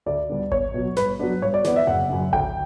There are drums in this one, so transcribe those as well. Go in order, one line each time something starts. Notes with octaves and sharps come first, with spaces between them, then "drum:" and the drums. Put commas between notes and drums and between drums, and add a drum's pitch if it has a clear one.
D2 D5
D3 G3 B3 D4
E2 C#5, drum: kick G#1
B2 F#3
G2 B4, drum: snare
F#3 B3 D4
G2 C#5
D5
E3 B3 D5, drum: snare
E5
F#1 F#5
F#2 C#3
D2 G5, drum: kick G#1